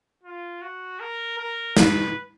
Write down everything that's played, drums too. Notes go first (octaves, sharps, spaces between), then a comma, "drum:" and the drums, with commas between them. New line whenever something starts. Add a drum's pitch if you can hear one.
F4
F#4
A#4
A#4
B4, drum: snare